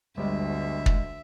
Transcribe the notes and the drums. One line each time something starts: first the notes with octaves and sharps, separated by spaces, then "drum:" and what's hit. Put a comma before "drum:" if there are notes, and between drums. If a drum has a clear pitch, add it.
G1 D2 G3 G#3 E5
drum: kick